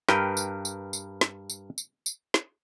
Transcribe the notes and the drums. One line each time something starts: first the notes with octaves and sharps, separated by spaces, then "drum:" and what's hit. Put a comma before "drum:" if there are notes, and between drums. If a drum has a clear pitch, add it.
G2 A#4 B4 G5, drum: snare
drum: tambourine
drum: tambourine
drum: tambourine
drum: snare
drum: tambourine
drum: tambourine
drum: tambourine
drum: snare